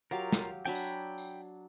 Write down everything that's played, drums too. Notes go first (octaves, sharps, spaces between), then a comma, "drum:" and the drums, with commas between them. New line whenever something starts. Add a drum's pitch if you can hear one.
F#3 F4 G4 A#4 F5
drum: snare
F#3 D4 G5 G#5 B5
drum: tambourine
drum: tambourine